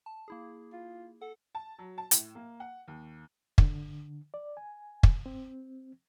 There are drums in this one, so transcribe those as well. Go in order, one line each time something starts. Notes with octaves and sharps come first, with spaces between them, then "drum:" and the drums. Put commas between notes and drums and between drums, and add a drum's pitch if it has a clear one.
A5
A#3 E4 G#4
F4
A4 F#5
A5
F#3
A5
A2, drum: hi-hat
A#3
F#5
D#2
D3, drum: kick
D5
G#5
drum: kick
C4